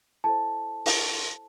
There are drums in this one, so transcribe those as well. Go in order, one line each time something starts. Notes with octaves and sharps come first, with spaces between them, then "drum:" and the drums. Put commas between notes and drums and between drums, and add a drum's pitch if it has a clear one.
E4 A4 C5 A5
drum: open hi-hat